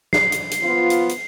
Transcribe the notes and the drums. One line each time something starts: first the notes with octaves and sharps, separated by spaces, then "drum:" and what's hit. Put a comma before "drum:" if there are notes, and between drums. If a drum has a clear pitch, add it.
C7, drum: snare
drum: hi-hat
drum: hi-hat
F3 B3 F4
drum: hi-hat
drum: hi-hat